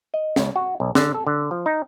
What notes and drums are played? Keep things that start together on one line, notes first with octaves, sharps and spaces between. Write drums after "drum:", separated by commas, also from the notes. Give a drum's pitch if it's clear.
D#5
C#2, drum: snare
F#4
B1
D3, drum: snare
A4
D3
F3
D#4